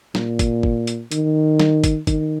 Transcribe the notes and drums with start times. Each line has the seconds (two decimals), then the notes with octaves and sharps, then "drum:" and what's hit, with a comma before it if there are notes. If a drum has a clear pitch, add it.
0.15 A#2, drum: snare
0.39 drum: kick, hi-hat
0.63 drum: kick
0.87 drum: hi-hat
1.11 D#3, drum: hi-hat
1.60 drum: snare
1.84 drum: kick, hi-hat
2.07 D#3, drum: kick, hi-hat